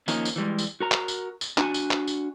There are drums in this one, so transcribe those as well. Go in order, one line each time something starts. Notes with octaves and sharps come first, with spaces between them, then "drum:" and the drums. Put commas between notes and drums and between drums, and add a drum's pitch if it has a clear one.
D#3 F3 A#3 C#4 D#4, drum: tambourine
drum: tambourine
E3 G3 G#3
drum: tambourine
F#4 A#4 A#5
drum: clap
drum: tambourine
drum: tambourine
D4 F#4 G#5, drum: clap
drum: tambourine
drum: clap
drum: tambourine